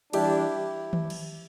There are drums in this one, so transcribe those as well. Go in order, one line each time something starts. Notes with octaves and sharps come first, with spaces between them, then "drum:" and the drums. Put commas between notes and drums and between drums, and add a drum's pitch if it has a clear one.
E3 G3 D4 E4 G4, drum: cymbal
drum: tom D#3
drum: cymbal